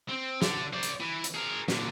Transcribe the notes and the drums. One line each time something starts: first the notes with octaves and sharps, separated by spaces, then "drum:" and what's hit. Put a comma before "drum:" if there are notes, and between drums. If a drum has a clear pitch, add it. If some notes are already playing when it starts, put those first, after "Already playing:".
C4
D3, drum: snare
C5 D5
drum: hi-hat
E3
drum: hi-hat
G#4 A#4
A#2 D3, drum: snare